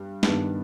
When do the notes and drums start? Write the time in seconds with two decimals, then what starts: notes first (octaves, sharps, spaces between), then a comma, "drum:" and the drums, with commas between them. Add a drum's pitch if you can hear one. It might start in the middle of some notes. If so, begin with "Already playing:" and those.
Already playing: G2
0.23 G2 D#3 B3 D4, drum: snare